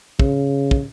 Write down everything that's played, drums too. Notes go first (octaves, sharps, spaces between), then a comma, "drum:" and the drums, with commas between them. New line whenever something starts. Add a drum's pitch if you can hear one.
C#3, drum: kick
drum: kick